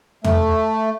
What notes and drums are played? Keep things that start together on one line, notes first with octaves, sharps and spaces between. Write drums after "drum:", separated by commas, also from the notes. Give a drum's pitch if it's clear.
A3, drum: tom